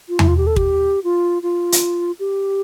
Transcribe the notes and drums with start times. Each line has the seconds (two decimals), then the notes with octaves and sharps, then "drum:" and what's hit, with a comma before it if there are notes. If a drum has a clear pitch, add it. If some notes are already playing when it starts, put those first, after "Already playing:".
0.09 F4
0.19 E4, drum: tom E2
0.28 F4
0.37 G4
0.47 A4
0.56 G4, drum: kick
1.04 F4
1.42 F4
1.72 drum: hi-hat
2.19 G4